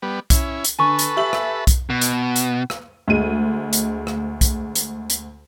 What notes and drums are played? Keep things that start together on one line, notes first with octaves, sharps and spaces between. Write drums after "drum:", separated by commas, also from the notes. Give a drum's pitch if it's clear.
G3 B3
C#4 E4, drum: kick B1, hi-hat
drum: hi-hat
D3 A4 B4 G#5 C#6
drum: hi-hat
G4 E5 F#7
drum: rim click
drum: kick B1, hi-hat
B2
drum: hi-hat
drum: hi-hat
drum: rim click
D2 G#3 D#7
drum: hi-hat
drum: rim click
drum: kick B1, hi-hat
drum: hi-hat
drum: hi-hat